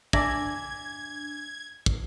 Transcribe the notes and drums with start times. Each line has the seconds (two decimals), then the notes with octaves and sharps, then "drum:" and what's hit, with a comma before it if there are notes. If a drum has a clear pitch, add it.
0.13 D4 D5 E5 G#5 A5 D6 G#6 A#6, drum: kick
1.86 drum: kick